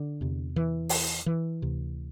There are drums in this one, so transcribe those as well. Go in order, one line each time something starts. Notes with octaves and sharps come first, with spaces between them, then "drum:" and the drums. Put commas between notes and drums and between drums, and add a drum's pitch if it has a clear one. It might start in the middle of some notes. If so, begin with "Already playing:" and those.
Already playing: D3
E2 C3
E3
drum: open hi-hat
E3
D2 C3